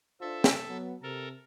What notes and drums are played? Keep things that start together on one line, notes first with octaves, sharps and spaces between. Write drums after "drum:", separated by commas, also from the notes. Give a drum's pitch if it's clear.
D4 F4 A4 C5 E5
drum: snare
F#3 B3
C3 A4 A#4